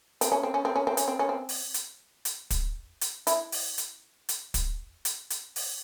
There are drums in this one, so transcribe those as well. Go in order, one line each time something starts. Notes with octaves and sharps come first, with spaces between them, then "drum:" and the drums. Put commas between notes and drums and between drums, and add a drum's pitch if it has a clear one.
C4, drum: hi-hat
C#4
C4
C#4
C4
C#4
C4
C#4, drum: hi-hat
C4
C#4
C4
drum: open hi-hat
drum: hi-hat
drum: hi-hat
drum: kick, hi-hat
drum: hi-hat
E4, drum: hi-hat
drum: open hi-hat
drum: hi-hat
drum: hi-hat
drum: kick, hi-hat
drum: hi-hat
drum: hi-hat
drum: open hi-hat